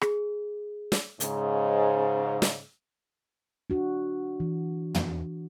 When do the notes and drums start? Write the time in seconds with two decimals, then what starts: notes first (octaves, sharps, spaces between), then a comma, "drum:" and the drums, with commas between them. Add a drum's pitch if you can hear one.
0.02 G#4, drum: rim click
0.92 drum: snare
1.20 G#2 C#3, drum: hi-hat
2.42 drum: snare
3.70 D4 F#4
4.40 E3
4.95 drum: tom